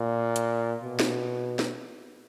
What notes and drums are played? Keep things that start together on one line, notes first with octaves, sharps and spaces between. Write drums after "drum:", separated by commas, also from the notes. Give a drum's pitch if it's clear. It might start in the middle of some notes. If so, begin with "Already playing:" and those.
Already playing: A#2
drum: hi-hat
B2
drum: snare
drum: snare